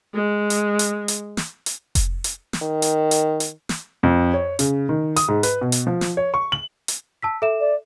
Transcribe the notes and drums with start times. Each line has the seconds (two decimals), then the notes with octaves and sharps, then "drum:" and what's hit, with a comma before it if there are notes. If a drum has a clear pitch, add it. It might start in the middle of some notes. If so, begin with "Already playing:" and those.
0.14 G#3
0.50 drum: hi-hat
0.79 drum: hi-hat
1.08 drum: hi-hat
1.37 drum: snare
1.66 drum: hi-hat
1.95 drum: kick F1, hi-hat
2.24 drum: hi-hat
2.53 drum: snare
2.62 D#3
2.82 drum: hi-hat
3.11 drum: hi-hat
3.40 drum: hi-hat
3.69 drum: snare
4.03 F2
4.34 C#5
4.59 C#3, drum: hi-hat
4.89 D#3
5.16 D#6, drum: hi-hat
5.28 G#2
5.43 B4, drum: hi-hat
5.61 B2
5.72 drum: hi-hat
5.87 F3
6.01 drum: snare
6.17 C#5
6.34 C#6
6.52 F#7
6.88 drum: hi-hat
7.22 A5 E6 B6
7.42 A4 E5 E7
7.60 D5